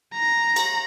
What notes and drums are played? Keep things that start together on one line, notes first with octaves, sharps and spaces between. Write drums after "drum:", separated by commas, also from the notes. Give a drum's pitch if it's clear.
A#5
drum: cymbal